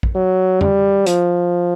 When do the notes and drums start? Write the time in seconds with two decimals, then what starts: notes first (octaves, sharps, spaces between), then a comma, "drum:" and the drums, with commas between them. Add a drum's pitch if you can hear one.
0.03 drum: kick
0.15 F#3
0.61 G3, drum: tom F2
1.06 F3, drum: hi-hat